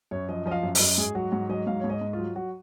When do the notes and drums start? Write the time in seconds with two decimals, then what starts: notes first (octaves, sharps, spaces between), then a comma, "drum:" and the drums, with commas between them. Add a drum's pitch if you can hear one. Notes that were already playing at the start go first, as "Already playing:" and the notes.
0.11 F#2 C#5
0.29 F3 D#5
0.46 F3 D#5
0.51 F5
0.63 F#2
0.75 D#5, drum: open hi-hat
0.80 F#2
0.98 G#2 G#4
1.15 F#3 F#4
1.32 G#2 F#4
1.49 F#3 D#5
1.67 G#2 F5
1.80 G#2 C#5
1.90 D#5
2.01 G#2
2.13 F4
2.18 F#3
2.36 F#3 F#4